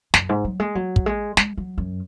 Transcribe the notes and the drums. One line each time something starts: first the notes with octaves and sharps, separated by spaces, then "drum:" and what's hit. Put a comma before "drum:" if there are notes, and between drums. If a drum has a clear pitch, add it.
F#2, drum: snare
G#2
F#3
G#3
F#3
drum: kick
G#3
G#3, drum: snare
F#3
F#2